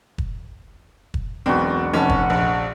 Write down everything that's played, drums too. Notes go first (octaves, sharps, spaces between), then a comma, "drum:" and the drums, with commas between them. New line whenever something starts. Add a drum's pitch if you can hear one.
drum: kick
drum: kick
E1 B1 B3 C4 D4 F#4
F1 C#4 F#5 A5
drum: kick
A#1